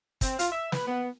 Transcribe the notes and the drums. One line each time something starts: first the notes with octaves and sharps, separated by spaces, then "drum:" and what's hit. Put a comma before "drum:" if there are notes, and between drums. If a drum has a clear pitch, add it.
C4, drum: kick, hi-hat
F4, drum: hi-hat
E5
B4, drum: snare
B3